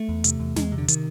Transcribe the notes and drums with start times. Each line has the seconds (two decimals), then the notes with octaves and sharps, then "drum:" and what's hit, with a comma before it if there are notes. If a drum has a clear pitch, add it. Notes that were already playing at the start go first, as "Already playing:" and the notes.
Already playing: A3
0.09 E2
0.24 C3, drum: hi-hat
0.39 E2
0.56 E2 G#3, drum: snare
0.72 C3
0.78 D3
0.88 D#3, drum: hi-hat